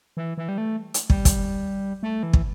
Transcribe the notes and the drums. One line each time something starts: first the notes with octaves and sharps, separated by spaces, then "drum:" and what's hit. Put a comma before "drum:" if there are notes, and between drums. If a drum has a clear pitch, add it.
E3
E3
G3
A3
drum: hi-hat
G3, drum: kick
drum: kick, hi-hat
A3
E3
drum: kick